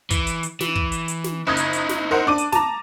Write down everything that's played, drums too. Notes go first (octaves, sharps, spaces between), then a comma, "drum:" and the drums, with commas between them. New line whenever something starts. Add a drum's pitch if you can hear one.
E3, drum: kick, hi-hat
drum: hi-hat
drum: hi-hat
E3, drum: snare
drum: kick
drum: hi-hat
drum: hi-hat
drum: snare
F#1 D#4 E4 D#6 G#6
drum: hi-hat
drum: hi-hat
drum: snare
A#4 C5 F#5
D4 D6 D#7
drum: hi-hat
A5 A#5, drum: snare